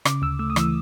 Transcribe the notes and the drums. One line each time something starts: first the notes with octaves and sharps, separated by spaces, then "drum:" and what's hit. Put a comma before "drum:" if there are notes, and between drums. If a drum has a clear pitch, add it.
C#3 D6, drum: rim click
D2 E6
A3 E6
D#6
E3 E6, drum: rim click